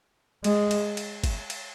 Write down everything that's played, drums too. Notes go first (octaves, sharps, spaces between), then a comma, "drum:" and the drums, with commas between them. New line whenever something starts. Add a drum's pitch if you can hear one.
G#3, drum: cymbal
drum: cymbal
drum: cymbal
drum: kick G1, cymbal
drum: cymbal